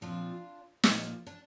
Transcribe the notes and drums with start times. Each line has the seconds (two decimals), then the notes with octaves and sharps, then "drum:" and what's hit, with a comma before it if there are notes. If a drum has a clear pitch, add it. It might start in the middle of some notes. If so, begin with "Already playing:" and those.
0.01 A#2 F3 C4 D4 F4
0.83 A#2 F3 A#3 D4, drum: snare
1.27 D4